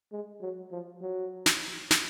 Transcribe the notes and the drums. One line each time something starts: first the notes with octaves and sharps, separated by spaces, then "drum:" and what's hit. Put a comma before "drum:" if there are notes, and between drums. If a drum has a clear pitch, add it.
G#3
F#3
F3
F#3
drum: snare
drum: snare